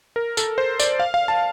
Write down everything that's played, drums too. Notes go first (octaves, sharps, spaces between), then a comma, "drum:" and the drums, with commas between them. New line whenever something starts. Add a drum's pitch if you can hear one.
A#4
A4, drum: tambourine
C5
D5, drum: tambourine
F5
F5
A5